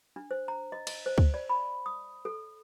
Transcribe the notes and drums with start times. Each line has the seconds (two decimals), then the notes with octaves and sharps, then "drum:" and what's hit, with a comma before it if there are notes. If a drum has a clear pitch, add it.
0.16 D4
0.31 C5
0.48 A#5
0.72 D#5
0.87 D#5, drum: cymbal
1.06 C5
1.18 drum: kick C#2
1.34 D5
1.50 B5
1.86 D#6
2.25 A4